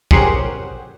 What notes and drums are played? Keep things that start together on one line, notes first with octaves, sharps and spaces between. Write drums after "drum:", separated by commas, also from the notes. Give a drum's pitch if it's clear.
C#4 G4 G#4 A#4 C5 F#5, drum: kick